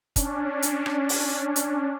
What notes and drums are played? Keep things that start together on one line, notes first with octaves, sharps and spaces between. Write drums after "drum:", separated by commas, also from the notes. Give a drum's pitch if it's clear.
C#4 D4, drum: kick, hi-hat
drum: hi-hat
drum: rim click
drum: open hi-hat
drum: hi-hat